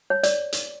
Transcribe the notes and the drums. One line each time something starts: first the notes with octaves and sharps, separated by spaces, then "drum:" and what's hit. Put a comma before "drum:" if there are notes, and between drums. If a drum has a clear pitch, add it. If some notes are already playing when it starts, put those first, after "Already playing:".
C#5
D5, drum: hi-hat
drum: hi-hat